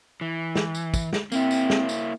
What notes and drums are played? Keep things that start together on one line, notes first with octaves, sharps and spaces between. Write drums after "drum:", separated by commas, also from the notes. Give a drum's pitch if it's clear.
E3
drum: snare
drum: tambourine
drum: kick, tambourine
drum: snare
A#3 C4 E4, drum: tambourine
drum: tambourine
drum: snare
drum: tambourine